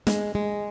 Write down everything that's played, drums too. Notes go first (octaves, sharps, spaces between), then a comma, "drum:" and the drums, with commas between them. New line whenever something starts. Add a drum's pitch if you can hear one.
G#3, drum: snare
G#3